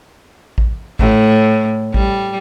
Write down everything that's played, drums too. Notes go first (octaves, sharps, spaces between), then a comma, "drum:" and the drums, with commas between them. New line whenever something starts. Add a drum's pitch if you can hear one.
drum: kick A1
A2, drum: kick A1
G3, drum: kick A1